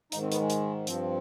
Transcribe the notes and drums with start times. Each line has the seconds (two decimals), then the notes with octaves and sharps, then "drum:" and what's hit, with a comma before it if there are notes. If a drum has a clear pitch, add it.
0.12 G#2 D#3 D#4, drum: hi-hat
0.22 C4
0.32 B3, drum: hi-hat
0.40 G#3
0.50 drum: hi-hat
0.87 G2 F3 C4, drum: hi-hat